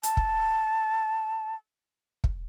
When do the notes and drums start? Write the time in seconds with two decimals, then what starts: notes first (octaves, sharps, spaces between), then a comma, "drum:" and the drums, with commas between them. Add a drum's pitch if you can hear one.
0.03 A5, drum: hi-hat
0.17 drum: kick
2.24 drum: kick